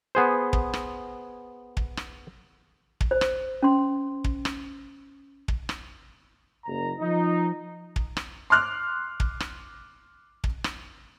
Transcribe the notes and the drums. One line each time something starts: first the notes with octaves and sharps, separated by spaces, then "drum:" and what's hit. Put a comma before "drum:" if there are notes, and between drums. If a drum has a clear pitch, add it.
B3 G#4 C5
drum: kick
drum: rim click
drum: kick
drum: rim click
drum: kick
C5
drum: rim click
C#4 C6
drum: kick
drum: rim click
drum: kick
drum: rim click
F#1 A#5
F3 D#4
drum: kick
drum: rim click
C6 D6 F6 F#6
drum: kick
drum: rim click
drum: kick
drum: rim click